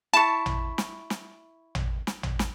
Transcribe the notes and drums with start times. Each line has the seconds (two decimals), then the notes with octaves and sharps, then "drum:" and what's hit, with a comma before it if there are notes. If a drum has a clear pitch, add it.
0.14 E4 A5 C#6
0.46 drum: tom A1
0.78 drum: snare
1.10 drum: snare
1.75 drum: tom A1
2.07 drum: snare
2.23 drum: tom A1
2.39 drum: snare